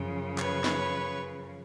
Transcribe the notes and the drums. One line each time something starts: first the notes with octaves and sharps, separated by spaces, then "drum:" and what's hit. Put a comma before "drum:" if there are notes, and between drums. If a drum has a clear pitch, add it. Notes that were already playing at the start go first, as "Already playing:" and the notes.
Already playing: F#2 C#3 F3
B4 C#5, drum: clap
drum: snare